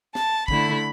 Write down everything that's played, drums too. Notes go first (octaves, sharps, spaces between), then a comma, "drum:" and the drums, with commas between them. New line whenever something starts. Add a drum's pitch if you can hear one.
A5, drum: snare
D3 A3 E4 B5, drum: kick